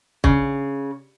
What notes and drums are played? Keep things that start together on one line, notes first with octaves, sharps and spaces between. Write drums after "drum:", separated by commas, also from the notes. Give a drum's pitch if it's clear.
C#3, drum: kick